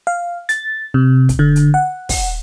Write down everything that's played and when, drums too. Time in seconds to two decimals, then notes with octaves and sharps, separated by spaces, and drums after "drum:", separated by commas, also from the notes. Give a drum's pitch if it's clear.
0.07 F5
0.49 A6, drum: hi-hat
0.94 C3
1.29 drum: kick, hi-hat
1.39 D3
1.56 drum: hi-hat
1.74 F#5
2.09 drum: kick, open hi-hat